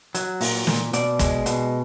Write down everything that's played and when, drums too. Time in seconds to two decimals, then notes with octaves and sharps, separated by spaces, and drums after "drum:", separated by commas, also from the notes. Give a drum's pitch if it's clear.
0.15 F#3, drum: hi-hat
0.41 A#2, drum: open hi-hat
0.67 A#2, drum: snare
0.93 B2 D5, drum: hi-hat
1.19 G#3, drum: kick, hi-hat
1.46 B2, drum: hi-hat